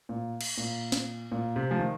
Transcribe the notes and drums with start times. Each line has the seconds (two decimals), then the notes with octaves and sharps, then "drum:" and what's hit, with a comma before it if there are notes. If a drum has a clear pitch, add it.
0.09 A#2
0.41 drum: cymbal
0.57 A#2
0.92 drum: snare
1.32 A#2
1.56 C3
1.71 F3
1.79 D#3